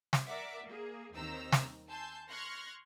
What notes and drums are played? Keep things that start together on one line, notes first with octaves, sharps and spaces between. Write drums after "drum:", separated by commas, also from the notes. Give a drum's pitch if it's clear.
drum: snare
A#4 D5 E5 F#5 D6
A#3 G#4
D#2 D#3 C4 A#5 E6
drum: snare
G#5 A5 C6 E6 G6
C6 C#6 F6 F#6 G#6 A#6